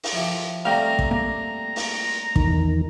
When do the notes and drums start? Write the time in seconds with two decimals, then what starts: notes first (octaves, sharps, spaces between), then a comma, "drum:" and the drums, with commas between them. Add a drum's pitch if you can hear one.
0.04 drum: open hi-hat
0.13 F3 E4 G4
0.65 G3 A3 C4 F5 G5 A#5
0.99 drum: kick
1.11 A#3 A#5
1.76 drum: open hi-hat
2.36 E2 D#3, drum: kick